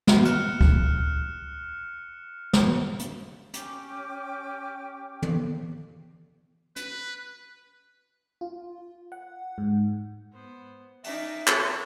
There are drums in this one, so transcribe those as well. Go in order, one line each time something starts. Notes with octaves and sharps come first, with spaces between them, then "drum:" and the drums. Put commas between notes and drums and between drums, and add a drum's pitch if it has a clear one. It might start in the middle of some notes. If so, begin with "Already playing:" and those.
drum: snare
F6 F#6 C#7 E7, drum: hi-hat
drum: kick C#2
drum: snare
drum: hi-hat
C#4 G4 G5 D6, drum: hi-hat
drum: tom
B4, drum: hi-hat
F4
F#5
G#2
B3 C5
C#4 D#4 D5 E5, drum: open hi-hat
C#5 A5 C#6, drum: clap